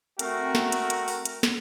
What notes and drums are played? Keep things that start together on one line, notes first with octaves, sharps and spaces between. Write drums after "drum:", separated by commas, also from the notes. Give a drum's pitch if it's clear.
A3 C4 F#4 A#4, drum: hi-hat
drum: snare
drum: hi-hat
drum: hi-hat
drum: open hi-hat
drum: hi-hat
drum: snare